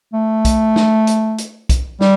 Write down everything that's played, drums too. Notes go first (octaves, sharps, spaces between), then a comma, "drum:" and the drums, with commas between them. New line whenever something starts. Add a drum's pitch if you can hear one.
A3
drum: kick, hi-hat
drum: snare
drum: hi-hat
drum: hi-hat
drum: kick, hi-hat
G3, drum: snare